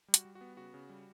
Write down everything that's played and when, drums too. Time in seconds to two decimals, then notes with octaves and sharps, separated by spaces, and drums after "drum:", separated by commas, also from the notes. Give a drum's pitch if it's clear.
0.08 G3
0.14 F#4, drum: hi-hat
0.25 G3
0.35 F#4
0.41 B3
0.57 C#3 F#4
0.74 C#3
0.89 G3